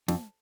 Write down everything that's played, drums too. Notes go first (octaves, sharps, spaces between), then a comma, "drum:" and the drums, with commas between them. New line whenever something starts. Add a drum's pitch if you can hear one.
F2, drum: snare